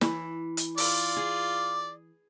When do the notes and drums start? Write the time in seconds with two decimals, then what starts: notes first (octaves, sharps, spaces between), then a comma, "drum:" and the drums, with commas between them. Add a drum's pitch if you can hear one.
0.01 E3, drum: snare
0.57 drum: hi-hat
0.78 F4 D5, drum: open hi-hat
1.17 G#4